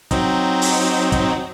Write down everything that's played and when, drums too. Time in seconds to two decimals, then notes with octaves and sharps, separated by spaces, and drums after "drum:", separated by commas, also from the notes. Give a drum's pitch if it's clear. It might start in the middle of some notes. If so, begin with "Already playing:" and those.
0.11 F#3 C4 D#4, drum: kick, hi-hat
0.61 drum: open hi-hat
1.12 drum: kick, hi-hat